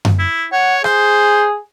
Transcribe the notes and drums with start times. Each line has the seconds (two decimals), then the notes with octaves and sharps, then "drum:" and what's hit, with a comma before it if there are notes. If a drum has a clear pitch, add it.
0.05 drum: tom F#2
0.19 E4
0.52 C#5 F#5
0.84 G#4 C5, drum: rim click